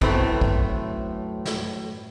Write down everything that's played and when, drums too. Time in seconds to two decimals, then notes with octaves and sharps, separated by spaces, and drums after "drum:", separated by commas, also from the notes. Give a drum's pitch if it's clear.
0.02 F#2 A2 E3 A3 B3 C4, drum: kick
0.41 drum: kick
1.45 drum: snare